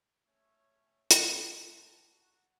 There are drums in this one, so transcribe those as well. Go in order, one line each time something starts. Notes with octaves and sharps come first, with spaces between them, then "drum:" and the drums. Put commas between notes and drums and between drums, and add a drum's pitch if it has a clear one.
A3 C#4 C#5 E5
drum: hi-hat
G5 A5 A#5 C6
F#4 F#5